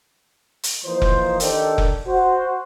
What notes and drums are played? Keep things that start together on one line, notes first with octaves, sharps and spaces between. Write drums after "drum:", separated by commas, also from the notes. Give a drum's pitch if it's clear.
drum: hi-hat
E3 F3 A#3 D#4 C5
drum: kick F1
D#3 D4 D#4 G4 A4, drum: hi-hat
drum: kick F1
F#4 C5